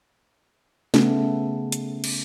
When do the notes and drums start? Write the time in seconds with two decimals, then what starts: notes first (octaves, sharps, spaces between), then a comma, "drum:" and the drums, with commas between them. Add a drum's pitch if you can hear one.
0.94 C#3 A3 B3, drum: snare
1.72 drum: hi-hat
2.04 drum: cymbal